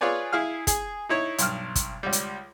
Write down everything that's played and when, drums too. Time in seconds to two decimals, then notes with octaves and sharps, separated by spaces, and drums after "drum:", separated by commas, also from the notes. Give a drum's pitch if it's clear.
0.01 F4 G#4 B4 C#5 D5 G#5
0.33 E4 G#4 F5 F6
0.67 G#4, drum: kick, hi-hat
1.09 D#4 E4 C#5
1.38 B1 G2 F6, drum: hi-hat
1.75 drum: kick, hi-hat
2.03 C#2 G3
2.13 drum: hi-hat